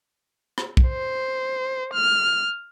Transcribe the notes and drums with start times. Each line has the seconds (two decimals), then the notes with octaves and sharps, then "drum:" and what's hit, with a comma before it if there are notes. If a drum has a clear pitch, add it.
0.58 drum: rim click
0.77 drum: kick
0.89 C5
1.93 F6